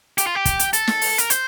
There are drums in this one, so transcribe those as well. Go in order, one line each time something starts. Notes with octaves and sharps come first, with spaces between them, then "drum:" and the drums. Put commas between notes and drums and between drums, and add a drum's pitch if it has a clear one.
G4, drum: hi-hat
F4
G4
drum: kick, hi-hat
drum: hi-hat
A4, drum: hi-hat
drum: snare
drum: open hi-hat
A#4, drum: hi-hat
C5, drum: hi-hat